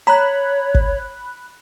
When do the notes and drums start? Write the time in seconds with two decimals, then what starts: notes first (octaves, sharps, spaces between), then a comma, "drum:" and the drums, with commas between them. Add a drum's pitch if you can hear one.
0.07 C#5 A#5 B5 F#6
0.75 drum: kick